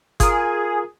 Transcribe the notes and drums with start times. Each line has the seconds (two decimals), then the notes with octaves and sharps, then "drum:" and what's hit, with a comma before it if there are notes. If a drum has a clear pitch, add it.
0.20 F4 G#4 A#4, drum: kick G1, hi-hat